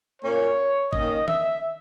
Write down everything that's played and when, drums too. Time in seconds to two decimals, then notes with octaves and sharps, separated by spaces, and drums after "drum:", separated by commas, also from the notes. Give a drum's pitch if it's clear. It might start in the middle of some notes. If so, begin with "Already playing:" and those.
0.23 A#2 A#3 C#4 C#5
0.93 D#3 A#3 C#4 D#5, drum: kick G#1
1.28 E5, drum: tom D#3